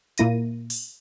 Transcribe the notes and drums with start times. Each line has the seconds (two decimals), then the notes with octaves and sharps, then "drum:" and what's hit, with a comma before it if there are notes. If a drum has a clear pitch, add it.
0.18 A#2 A#3 E4 A#6 D#7, drum: hi-hat
0.70 drum: open hi-hat